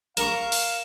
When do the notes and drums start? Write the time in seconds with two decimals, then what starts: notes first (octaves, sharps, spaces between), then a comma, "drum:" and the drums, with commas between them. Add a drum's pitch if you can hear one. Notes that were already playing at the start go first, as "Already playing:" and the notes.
0.17 A#4 F5 A#5 C#6 E7, drum: hi-hat
0.52 drum: open hi-hat